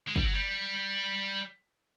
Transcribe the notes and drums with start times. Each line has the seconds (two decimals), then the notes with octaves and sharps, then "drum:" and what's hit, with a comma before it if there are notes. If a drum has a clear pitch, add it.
0.08 G#3
0.16 G3, drum: kick
0.25 F#3
0.33 G3